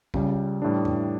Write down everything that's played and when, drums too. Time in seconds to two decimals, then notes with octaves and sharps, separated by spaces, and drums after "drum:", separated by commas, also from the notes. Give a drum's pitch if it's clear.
0.14 C#2 C#3 G3, drum: kick
0.62 A2 E3 G3 D4
0.85 drum: tom F2